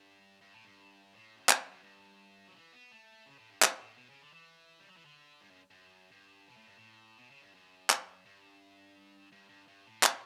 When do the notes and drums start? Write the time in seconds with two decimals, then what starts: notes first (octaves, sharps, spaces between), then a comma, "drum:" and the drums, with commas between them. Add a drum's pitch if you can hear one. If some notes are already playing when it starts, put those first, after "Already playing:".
Already playing: G2
0.41 G2
0.54 A2
0.65 G2
1.13 A2
1.37 F#2
1.49 G2, drum: clap
1.60 F#2
1.72 F#2
1.84 G2
2.47 F#3
2.55 E3
2.73 B3
2.92 A3
3.26 C#3
3.39 A2
3.50 G2
3.62 G2, drum: clap
3.80 A2
3.97 B2
4.10 C#3
4.22 D3
4.34 E3
4.80 G3
4.88 F#3
4.96 E3
5.05 D3
5.41 G2
5.50 F#2
5.71 F#2
6.12 G2
6.48 B2
6.57 A2
6.67 G2
6.77 A2
7.19 B2
7.31 C#3
7.42 G2
7.55 F#2
7.90 drum: clap
8.26 G2
9.32 G2
9.50 G2
9.68 G2
9.86 A2
10.03 B2, drum: clap